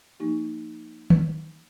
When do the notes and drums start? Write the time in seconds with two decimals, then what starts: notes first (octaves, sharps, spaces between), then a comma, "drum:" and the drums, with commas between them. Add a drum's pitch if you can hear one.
0.20 F3 A#3 D#4 G4
1.10 drum: tom